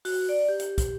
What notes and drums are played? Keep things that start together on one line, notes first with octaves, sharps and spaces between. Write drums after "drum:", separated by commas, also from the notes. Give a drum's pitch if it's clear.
F#4, drum: open hi-hat
D5
G4
drum: hi-hat
drum: kick, hi-hat